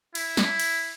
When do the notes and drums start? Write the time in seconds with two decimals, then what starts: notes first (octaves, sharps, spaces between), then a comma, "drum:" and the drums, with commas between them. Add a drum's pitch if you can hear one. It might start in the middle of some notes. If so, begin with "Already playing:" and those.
0.15 E4, drum: cymbal
0.37 drum: snare
0.59 drum: cymbal